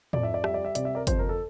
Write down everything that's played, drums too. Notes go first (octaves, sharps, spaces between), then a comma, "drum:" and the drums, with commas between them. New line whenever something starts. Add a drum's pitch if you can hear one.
F2 D5, drum: tom
E5
D5
G3 E5, drum: rim click
D5
E5
C3 D5, drum: hi-hat
E5
A#4 D5
F2 C5, drum: kick G1, hi-hat
A#4
A4